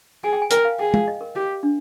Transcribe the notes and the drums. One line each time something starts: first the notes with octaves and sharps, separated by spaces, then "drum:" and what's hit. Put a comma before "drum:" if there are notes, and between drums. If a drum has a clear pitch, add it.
G#4 G#5
G5
G#5
A#4 G5, drum: hi-hat
F5
G#4 G5
F5, drum: tom
D#5
A#4
G4
D4